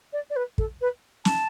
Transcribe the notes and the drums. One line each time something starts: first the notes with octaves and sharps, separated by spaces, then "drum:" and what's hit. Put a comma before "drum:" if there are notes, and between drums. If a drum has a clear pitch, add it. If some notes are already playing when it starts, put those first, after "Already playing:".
D5
D5
B4
A4, drum: kick
B4
A5, drum: snare